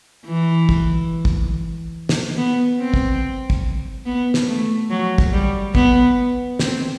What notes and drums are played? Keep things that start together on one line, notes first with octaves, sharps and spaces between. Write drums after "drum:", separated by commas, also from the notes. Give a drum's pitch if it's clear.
E3
drum: kick
drum: kick
drum: snare
B3
C4
drum: kick
drum: kick
B3
drum: snare
A3
F#3
drum: kick
G3
B3, drum: kick
C4, drum: snare